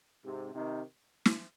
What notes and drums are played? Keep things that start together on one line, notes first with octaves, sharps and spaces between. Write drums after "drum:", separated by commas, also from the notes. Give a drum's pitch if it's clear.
G#2 C3
C3 D#3
drum: snare